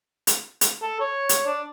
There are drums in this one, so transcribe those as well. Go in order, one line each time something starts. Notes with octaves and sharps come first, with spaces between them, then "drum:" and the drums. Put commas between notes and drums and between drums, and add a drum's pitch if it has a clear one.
drum: hi-hat
drum: hi-hat
A4
C#5
drum: hi-hat
D4